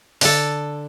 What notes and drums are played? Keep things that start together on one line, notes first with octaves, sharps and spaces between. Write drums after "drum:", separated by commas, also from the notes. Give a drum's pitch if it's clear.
D3 A4, drum: open hi-hat